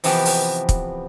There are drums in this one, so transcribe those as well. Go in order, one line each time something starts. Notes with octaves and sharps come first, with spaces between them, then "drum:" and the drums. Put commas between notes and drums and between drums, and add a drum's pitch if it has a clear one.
C3 E3 F3 B3 G4, drum: open hi-hat
drum: open hi-hat
drum: kick, hi-hat